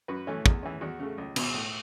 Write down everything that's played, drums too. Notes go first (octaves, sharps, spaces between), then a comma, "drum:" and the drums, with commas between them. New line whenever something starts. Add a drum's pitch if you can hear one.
F#2 F#4 B4
E3 A3 C#4
E2, drum: kick
E3 C#4
E2 F#4
C#3 A3
C#2
B2 B3, drum: cymbal
A2